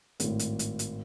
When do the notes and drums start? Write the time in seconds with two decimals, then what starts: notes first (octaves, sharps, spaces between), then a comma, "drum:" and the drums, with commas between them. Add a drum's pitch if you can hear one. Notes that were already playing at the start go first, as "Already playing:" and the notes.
0.20 G#1 A2, drum: hi-hat
0.39 drum: hi-hat
0.59 drum: hi-hat
0.79 drum: hi-hat